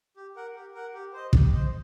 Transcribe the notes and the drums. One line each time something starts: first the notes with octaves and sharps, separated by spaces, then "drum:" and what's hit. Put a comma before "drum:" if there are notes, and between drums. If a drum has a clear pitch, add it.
G4
A#4 F#5
G4
A#4 F#5
G4
C5 D#5
G4, drum: kick
C5 D#5